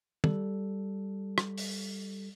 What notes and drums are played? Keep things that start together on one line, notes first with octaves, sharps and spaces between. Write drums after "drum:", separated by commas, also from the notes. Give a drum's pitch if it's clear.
G3 A4, drum: tom
drum: rim click
drum: open hi-hat